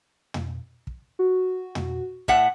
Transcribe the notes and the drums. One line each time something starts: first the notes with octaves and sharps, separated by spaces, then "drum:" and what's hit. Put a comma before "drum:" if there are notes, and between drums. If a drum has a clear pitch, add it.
drum: tom
drum: kick
F#4
drum: tom
A2 E5 F#5, drum: kick